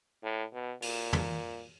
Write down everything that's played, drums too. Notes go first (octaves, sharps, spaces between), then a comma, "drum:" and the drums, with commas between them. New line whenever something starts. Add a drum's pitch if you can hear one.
A2
B2
A#2, drum: open hi-hat
drum: tom